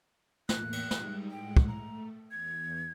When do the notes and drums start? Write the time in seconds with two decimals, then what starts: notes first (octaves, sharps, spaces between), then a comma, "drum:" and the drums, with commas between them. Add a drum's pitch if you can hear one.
0.49 E2 A2 A#3 F#6, drum: snare
0.73 drum: cymbal
0.91 G3 G#3 D#4, drum: snare
1.31 A2 G#3 F#5 G5
1.57 drum: kick
1.68 A3 A#5
2.31 E2 G#6